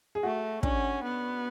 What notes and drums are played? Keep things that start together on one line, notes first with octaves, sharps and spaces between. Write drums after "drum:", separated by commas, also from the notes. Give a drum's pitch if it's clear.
G#4
A3 F#4
C#4 D4, drum: kick
B3